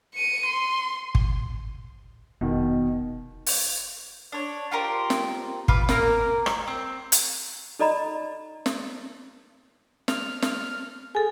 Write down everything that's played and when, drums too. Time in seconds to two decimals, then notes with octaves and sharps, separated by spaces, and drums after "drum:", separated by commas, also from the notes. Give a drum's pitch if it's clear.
0.15 C#7 D#7
0.46 C6
1.15 drum: kick
2.41 F1 B2 D#3
3.46 drum: open hi-hat
4.32 D4 C#5
4.71 F4 G4 A#4 C5
5.10 drum: snare
5.68 F4 B4 D6, drum: kick
5.89 A#3 A#4 F6, drum: snare
6.46 drum: rim click
6.68 C4
7.12 drum: hi-hat
7.79 D#4 A4 D5 D#5 A#5 B5
8.66 drum: snare
10.08 F6, drum: snare
10.42 drum: snare
11.15 G#4 A4 G#5